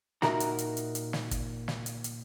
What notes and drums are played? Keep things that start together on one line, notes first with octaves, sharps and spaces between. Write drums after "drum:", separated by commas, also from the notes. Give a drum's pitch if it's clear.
A#2 D#4 F#4 A#4 E5 A#5, drum: snare
drum: hi-hat
drum: hi-hat
drum: hi-hat
drum: hi-hat
drum: snare
drum: kick, hi-hat
drum: snare
drum: hi-hat
drum: hi-hat